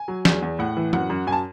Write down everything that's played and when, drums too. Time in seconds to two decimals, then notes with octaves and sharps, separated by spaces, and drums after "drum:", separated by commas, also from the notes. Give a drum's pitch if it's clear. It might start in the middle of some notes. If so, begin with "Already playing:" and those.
Already playing: G#5
0.08 F#3
0.25 E2, drum: snare
0.42 E2
0.59 A2 F#5
0.77 E3
0.93 F#2 F#5, drum: tom E3
1.10 F#2
1.27 F#2 G#5
1.32 A5